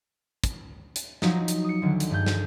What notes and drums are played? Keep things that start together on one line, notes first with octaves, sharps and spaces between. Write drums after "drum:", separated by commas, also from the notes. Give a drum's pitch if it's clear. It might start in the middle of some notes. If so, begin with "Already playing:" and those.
drum: kick, hi-hat
drum: hi-hat
F3 F#3 D#4, drum: snare
drum: hi-hat
D#6 C#7
D2 D3 D#3 F#3
drum: hi-hat
G2 A3 G#4 G6
drum: snare